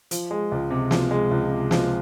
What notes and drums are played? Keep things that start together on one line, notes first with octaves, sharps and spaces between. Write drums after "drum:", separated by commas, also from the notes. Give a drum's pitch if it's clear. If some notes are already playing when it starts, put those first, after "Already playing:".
F3, drum: hi-hat
G#3
C#2
C3
F3, drum: snare
G#3
C#2
C3
F3, drum: snare